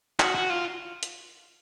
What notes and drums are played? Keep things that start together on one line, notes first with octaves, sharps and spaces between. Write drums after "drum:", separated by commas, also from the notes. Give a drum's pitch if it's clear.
F#4, drum: clap
F#4
F4
drum: hi-hat